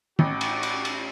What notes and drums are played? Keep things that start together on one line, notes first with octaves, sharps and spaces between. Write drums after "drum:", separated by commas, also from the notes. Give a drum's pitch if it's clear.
A1 D#4 F#4 D6, drum: tom
drum: cymbal
drum: cymbal
drum: cymbal